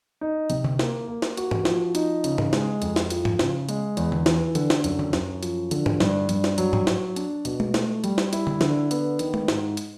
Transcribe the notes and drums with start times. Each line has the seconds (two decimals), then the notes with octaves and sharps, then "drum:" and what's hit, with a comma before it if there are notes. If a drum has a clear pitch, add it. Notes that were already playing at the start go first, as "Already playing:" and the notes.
0.21 D#4
0.50 C3, drum: hi-hat
0.64 drum: tom D3
0.79 A#3, drum: snare
1.08 A#3
1.22 drum: snare
1.37 F#4, drum: hi-hat
1.51 drum: tom G#2
1.65 F3, drum: snare
1.95 D#4, drum: hi-hat
2.24 C#3, drum: hi-hat
2.38 drum: tom G#2
2.53 G#3, drum: snare
2.82 F2, drum: hi-hat
2.96 drum: snare
3.10 F3, drum: hi-hat
3.25 drum: tom G#2
3.39 C#3, drum: snare
3.69 G#3, drum: hi-hat
3.97 E2, drum: hi-hat
4.12 drum: tom D3
4.26 E3, drum: snare
4.55 D3, drum: hi-hat
4.70 drum: snare
4.84 F#2, drum: hi-hat
4.99 drum: tom D3
5.13 F#2, drum: snare
5.43 F3, drum: hi-hat
5.71 D3, drum: hi-hat
5.86 drum: tom G#2
6.00 G2, drum: snare
6.29 G2, drum: hi-hat
6.44 drum: snare
6.58 F#3, drum: hi-hat
6.73 drum: tom G#2
6.87 F#3, drum: snare
7.16 D4, drum: hi-hat
7.45 B2, drum: hi-hat
7.60 drum: tom G#3
7.74 A3, drum: snare
8.04 G3, drum: hi-hat
8.18 drum: snare
8.33 E4, drum: hi-hat
8.47 drum: tom D3
8.61 D3, drum: snare
8.91 B3, drum: hi-hat
9.19 D#3, drum: hi-hat
9.34 drum: tom G#3
9.48 G#2, drum: snare
9.77 drum: hi-hat